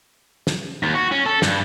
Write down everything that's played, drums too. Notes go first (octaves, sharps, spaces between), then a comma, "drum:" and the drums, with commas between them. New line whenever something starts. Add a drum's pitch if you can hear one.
drum: snare
D#2
F#4
C#4
A4
G2, drum: snare